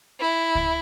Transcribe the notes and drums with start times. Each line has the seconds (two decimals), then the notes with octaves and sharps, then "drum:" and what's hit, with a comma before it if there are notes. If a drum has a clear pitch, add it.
0.20 E4
0.55 drum: kick C#2